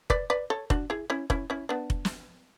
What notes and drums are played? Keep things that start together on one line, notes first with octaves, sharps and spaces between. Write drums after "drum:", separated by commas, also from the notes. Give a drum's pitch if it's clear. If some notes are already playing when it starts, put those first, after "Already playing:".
B4 D5, drum: kick F1
B4 D5
A4 C#5
D4 F#4, drum: kick F1
E4 G#4
C#4 E4
C#4 E4, drum: kick F1
C#4 E4
B3 D4
drum: kick F1
drum: snare